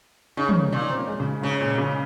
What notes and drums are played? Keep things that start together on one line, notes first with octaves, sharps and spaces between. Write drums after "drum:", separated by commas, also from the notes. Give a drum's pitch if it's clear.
C#3 D#4
C#4, drum: tom
A#3
A#2 C#4
D#4
C4
A#3
G#3
C#3
G#2 C#3
A#2
C#3